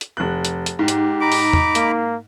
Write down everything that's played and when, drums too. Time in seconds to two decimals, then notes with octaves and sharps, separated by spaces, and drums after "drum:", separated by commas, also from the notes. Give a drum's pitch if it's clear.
0.01 drum: hi-hat
0.17 F1 F#6
0.45 drum: hi-hat
0.66 drum: hi-hat
0.79 G#2 G4
0.88 drum: hi-hat
1.21 D#4 A#5 B5 D6
1.32 drum: open hi-hat
1.53 drum: tom
1.75 A#3, drum: hi-hat